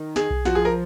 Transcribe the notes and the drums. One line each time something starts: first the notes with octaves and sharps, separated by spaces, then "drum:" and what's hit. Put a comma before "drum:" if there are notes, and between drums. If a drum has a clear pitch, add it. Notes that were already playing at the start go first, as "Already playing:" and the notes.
Already playing: D#3
G#4, drum: snare
drum: kick B1
F3 F#4, drum: snare
G#4
A#4